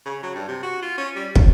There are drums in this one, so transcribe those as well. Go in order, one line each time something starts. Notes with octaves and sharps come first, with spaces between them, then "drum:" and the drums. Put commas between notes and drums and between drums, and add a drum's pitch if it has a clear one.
C#3
F#3
G2
C3
F#4
F4
C#4
G3
F#3, drum: kick